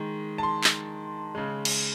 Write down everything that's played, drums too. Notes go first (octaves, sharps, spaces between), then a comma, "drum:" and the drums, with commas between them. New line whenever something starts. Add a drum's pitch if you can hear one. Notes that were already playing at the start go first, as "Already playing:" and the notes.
Already playing: D#3 G#3
A5
C6
drum: clap
C#3 G#3
drum: cymbal